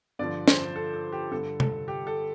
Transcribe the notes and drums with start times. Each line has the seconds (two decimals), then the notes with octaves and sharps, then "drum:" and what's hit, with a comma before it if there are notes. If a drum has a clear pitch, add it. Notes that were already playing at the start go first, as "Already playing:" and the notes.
0.19 G2 D3 F3 D5
0.48 C5, drum: snare
0.76 A4
0.94 A4
1.12 G4
1.31 G2 D3 G3 A4
1.60 A4, drum: tom C3
1.88 G4
2.07 A4